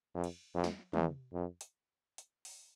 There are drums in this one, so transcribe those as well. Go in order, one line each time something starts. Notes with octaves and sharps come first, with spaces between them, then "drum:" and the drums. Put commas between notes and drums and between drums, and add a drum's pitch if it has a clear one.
F2
drum: cymbal
F2
drum: snare
E2, drum: tom
F2
drum: hi-hat
drum: hi-hat
drum: open hi-hat